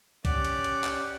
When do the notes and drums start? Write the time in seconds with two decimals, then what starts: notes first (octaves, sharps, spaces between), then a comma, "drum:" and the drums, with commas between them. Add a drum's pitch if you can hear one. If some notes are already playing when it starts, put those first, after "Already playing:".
0.25 C#4 G4 D5 F#5, drum: kick B1, hi-hat
0.45 drum: hi-hat
0.64 drum: hi-hat
0.84 drum: clap